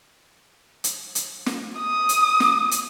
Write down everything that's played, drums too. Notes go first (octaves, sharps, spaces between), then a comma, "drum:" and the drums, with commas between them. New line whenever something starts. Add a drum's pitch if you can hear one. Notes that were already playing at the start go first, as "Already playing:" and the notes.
drum: hi-hat
drum: hi-hat
drum: snare
D#6
drum: hi-hat
drum: snare
drum: hi-hat